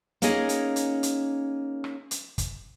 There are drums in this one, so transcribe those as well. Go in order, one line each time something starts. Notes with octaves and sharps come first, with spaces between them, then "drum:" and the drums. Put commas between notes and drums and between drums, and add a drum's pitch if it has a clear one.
A#3 C#4 D#4 G#4 D#5, drum: hi-hat
drum: hi-hat
drum: hi-hat
drum: hi-hat
drum: rim click
drum: hi-hat
drum: kick, hi-hat